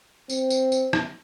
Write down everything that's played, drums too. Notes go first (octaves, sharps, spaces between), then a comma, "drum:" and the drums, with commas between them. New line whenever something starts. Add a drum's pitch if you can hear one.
C4, drum: tambourine
drum: tambourine
drum: tambourine
drum: rim click